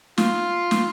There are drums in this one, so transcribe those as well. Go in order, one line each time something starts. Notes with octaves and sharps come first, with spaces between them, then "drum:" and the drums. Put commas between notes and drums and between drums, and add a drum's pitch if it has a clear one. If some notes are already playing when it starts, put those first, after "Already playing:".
F4, drum: snare
drum: snare